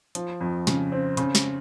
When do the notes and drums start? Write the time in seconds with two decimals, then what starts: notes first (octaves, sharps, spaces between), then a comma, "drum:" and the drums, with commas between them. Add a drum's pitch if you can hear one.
0.15 F3, drum: hi-hat
0.41 F2
0.67 C#3, drum: snare
0.92 C4
1.17 C#3, drum: hi-hat
1.35 drum: snare